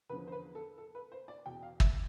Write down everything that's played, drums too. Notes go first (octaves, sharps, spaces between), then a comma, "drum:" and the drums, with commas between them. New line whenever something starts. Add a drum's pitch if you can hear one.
E2 D3 F3 B4
C5
B4
A4
A4
B4
C5
D5
E2 B2 G5
F5
E5, drum: kick